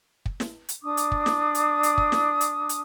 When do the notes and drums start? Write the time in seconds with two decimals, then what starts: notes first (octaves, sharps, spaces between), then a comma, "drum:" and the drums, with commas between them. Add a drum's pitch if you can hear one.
0.26 drum: kick
0.40 drum: snare
0.69 drum: hi-hat
0.83 D4 D6 D#6
0.97 drum: hi-hat
1.12 drum: kick
1.26 drum: snare
1.55 drum: hi-hat
1.83 drum: hi-hat
1.98 drum: kick
2.12 drum: snare
2.41 drum: hi-hat
2.69 drum: hi-hat